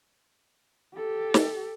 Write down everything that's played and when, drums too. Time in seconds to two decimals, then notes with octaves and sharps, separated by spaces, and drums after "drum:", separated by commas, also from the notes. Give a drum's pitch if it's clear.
0.96 G4 A4
1.34 drum: snare